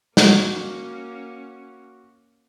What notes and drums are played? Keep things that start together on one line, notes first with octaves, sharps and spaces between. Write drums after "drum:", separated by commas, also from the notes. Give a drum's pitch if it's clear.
A#3 C#4 F#4, drum: snare